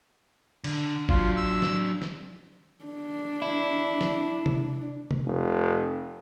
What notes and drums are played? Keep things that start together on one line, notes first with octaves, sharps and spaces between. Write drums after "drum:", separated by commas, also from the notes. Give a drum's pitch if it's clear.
D3, drum: cymbal
F#3 D4 F4, drum: kick G#1
E6
drum: snare
drum: snare
D4
E4
drum: snare
drum: tom C3
drum: tom C3
F1